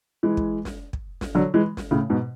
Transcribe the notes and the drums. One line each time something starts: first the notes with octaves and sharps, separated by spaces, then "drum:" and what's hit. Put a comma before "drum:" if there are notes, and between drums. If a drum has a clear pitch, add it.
E3 G#3
drum: kick
drum: snare
drum: kick
drum: snare
D3 F#3
E3 G#3
drum: snare
A2 C#3
G#2 B2